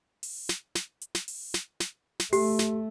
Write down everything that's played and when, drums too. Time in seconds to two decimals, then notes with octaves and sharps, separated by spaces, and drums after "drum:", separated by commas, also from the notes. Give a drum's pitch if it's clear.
0.23 drum: open hi-hat
0.49 drum: snare
0.75 drum: snare
1.01 drum: hi-hat
1.15 drum: snare
1.28 drum: open hi-hat
1.54 drum: snare
1.80 drum: snare
2.20 drum: snare
2.33 A3 G4, drum: open hi-hat
2.59 drum: snare